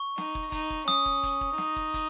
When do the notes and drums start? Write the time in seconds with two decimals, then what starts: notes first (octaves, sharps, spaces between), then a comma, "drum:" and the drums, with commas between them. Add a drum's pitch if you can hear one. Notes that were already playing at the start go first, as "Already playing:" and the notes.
Already playing: C#6
0.18 D#4, drum: snare
0.35 drum: kick
0.52 D#4, drum: kick, hi-hat
0.70 drum: kick
0.88 C#4 D#6, drum: snare
1.06 drum: kick
1.23 drum: kick, hi-hat
1.41 drum: kick
1.58 D#4, drum: snare
1.76 drum: kick
1.94 drum: kick, hi-hat